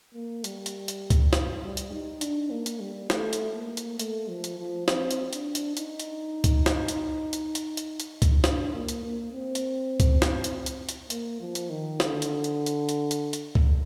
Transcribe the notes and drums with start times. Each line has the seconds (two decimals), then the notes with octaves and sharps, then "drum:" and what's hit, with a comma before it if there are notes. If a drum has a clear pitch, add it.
0.14 A#3
0.44 G3, drum: hi-hat
0.66 drum: hi-hat
0.88 drum: hi-hat
1.10 drum: kick C#2, hi-hat
1.33 drum: snare
1.63 G3
1.77 drum: hi-hat
1.92 D#4
2.21 D4, drum: hi-hat
2.51 A#3
2.66 drum: hi-hat
2.80 G3
3.10 A3, drum: snare
3.33 drum: hi-hat
3.55 A#3
3.77 drum: hi-hat
3.99 A3, drum: hi-hat
4.28 F3
4.44 drum: hi-hat
4.59 F3
4.88 C4, drum: snare
5.11 drum: hi-hat
5.33 D4, drum: hi-hat
5.55 drum: hi-hat
5.77 D#4, drum: hi-hat
5.99 drum: hi-hat
6.44 drum: kick C#2, hi-hat
6.66 drum: snare
6.88 drum: hi-hat
7.33 drum: hi-hat
7.55 drum: hi-hat
7.77 drum: hi-hat
8.00 drum: hi-hat
8.22 drum: kick C#2, hi-hat
8.44 D4, drum: snare
8.74 A#3
8.88 drum: hi-hat
9.04 A#3
9.33 C4
9.55 drum: hi-hat
10.00 drum: kick C#2, hi-hat
10.22 drum: snare
10.44 drum: hi-hat
10.66 drum: hi-hat
10.89 drum: hi-hat
11.10 A#3, drum: hi-hat
11.41 F3
11.55 drum: hi-hat
11.70 D#3
12.00 D3, drum: snare
12.22 drum: hi-hat
12.44 drum: hi-hat
12.66 drum: hi-hat
12.89 drum: hi-hat
13.11 drum: hi-hat
13.33 drum: hi-hat
13.55 drum: kick C#2